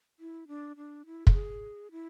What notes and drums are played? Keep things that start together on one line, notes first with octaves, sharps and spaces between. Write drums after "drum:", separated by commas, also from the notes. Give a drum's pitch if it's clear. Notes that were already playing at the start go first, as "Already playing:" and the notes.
E4
D4
D4
E4
A4, drum: kick
G#4
E4